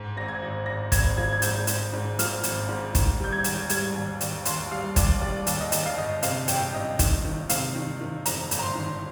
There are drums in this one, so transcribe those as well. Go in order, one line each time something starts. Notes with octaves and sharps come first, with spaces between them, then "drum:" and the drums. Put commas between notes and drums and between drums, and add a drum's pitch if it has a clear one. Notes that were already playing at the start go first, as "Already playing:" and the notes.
Already playing: G#2
G#1 A#6
G#6
G#1
G#1 A#6
G#1 G#6, drum: kick, hi-hat
F3 G#6
G#6
G#2 G6, drum: hi-hat
G#2, drum: hi-hat
G#2
F3 F6, drum: hi-hat
G#1, drum: hi-hat
G#2
D#3, drum: kick, hi-hat
G3 G6
G#6
D#2, drum: hi-hat
G3 G#6, drum: hi-hat
D#2
D#2, drum: hi-hat
D#2 C6, drum: hi-hat
G3 F5
D#2 D5, drum: kick, hi-hat
G3 D5
D#2, drum: hi-hat
D#5
D#2, drum: hi-hat
F5
G1 D#5
C3 F5, drum: hi-hat
G1 G5, drum: hi-hat
C3 D#5
D#3, drum: kick, hi-hat
D#3
C3 F5, drum: hi-hat
D#3
D#3
F2 A#5, drum: hi-hat
G1, drum: hi-hat
A#5
C6
D#3